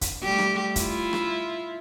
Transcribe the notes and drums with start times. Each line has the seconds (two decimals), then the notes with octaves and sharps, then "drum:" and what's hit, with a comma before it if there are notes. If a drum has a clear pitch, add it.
0.01 drum: kick, hi-hat
0.23 G3 A3 G4
0.39 drum: rim click
0.76 E4 F4, drum: kick, hi-hat
1.13 drum: rim click